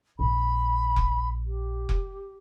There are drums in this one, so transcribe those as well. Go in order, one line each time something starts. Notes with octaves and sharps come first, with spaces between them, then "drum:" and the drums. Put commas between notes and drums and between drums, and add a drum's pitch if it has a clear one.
A#1 B5
drum: kick F1
G4
drum: kick F1